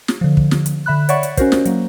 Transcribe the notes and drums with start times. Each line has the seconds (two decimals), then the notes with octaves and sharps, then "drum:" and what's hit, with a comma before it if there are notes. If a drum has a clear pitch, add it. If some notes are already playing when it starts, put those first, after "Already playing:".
0.08 drum: snare
0.21 D3 F3
0.37 drum: kick
0.51 drum: snare
0.66 drum: hi-hat
0.86 D3 E5 B5 F#6
1.09 C#5 D5 E5 F#5 C#6, drum: hi-hat
1.23 drum: hi-hat
1.37 C#4 F#4 A#4 C5, drum: kick, hi-hat
1.52 drum: snare
1.65 F#3 A#3, drum: hi-hat